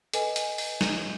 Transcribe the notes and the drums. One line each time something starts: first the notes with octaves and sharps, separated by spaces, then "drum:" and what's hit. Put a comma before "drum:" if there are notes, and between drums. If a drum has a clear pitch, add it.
A4 B4 D#5 G#5, drum: hi-hat
drum: hi-hat
drum: open hi-hat
drum: snare